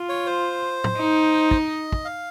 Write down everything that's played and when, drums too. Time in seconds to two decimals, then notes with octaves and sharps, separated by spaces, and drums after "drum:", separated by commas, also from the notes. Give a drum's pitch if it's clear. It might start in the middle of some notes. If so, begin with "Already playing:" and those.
Already playing: F4
0.09 C#5
0.27 C5
0.84 drum: tom A2
0.98 D#4
1.51 D#5, drum: kick
1.92 drum: kick
2.05 F5